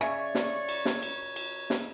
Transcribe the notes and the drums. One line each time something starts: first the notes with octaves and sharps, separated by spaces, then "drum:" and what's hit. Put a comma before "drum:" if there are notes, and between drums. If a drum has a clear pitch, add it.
C#3 C#5 D5 E5 C#6
drum: snare
drum: cymbal
drum: snare
drum: cymbal
drum: cymbal
drum: snare